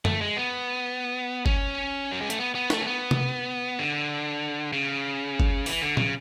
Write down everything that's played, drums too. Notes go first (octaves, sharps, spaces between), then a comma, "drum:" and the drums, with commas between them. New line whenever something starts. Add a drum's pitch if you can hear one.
A3, drum: tom
G#3
B3
C#4, drum: kick G1
F#3
G#3
A3, drum: hi-hat
B3
B3
A3, drum: snare
C#4
B3
drum: tom C3
D3
C#3
drum: kick G1
E3, drum: open hi-hat
D3
C#3, drum: tom A#2